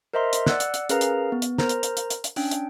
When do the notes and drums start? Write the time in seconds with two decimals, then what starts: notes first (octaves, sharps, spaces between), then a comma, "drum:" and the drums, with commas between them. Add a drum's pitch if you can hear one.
0.13 A#4 C5 D#5 E5 A#5 C6
0.33 drum: hi-hat
0.46 D5 F#5 E6 F#6, drum: snare
0.60 drum: hi-hat
0.74 drum: hi-hat
0.89 C#4 G#4 A#4 B4 F5 A#5, drum: hi-hat
1.01 drum: hi-hat
1.32 B3
1.42 drum: hi-hat
1.58 A#4 C5 A#5, drum: snare
1.69 drum: hi-hat
1.83 drum: hi-hat
1.97 drum: hi-hat
2.10 drum: hi-hat
2.24 drum: hi-hat
2.36 C#4 D4 G5, drum: open hi-hat
2.51 drum: hi-hat